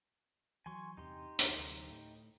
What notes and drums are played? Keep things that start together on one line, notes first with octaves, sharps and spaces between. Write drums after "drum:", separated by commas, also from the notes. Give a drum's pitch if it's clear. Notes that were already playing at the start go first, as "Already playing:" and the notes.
E3 F#3 G#5 C6 C#6
E2 G2 C3 D#4 G4 C6
F1 D2, drum: hi-hat
D2 C3 F#3
A2